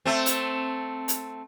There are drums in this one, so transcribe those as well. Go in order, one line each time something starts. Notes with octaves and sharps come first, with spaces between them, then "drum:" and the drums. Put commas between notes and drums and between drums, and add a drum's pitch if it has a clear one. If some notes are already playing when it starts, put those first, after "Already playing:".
A3 C4
drum: hi-hat
drum: hi-hat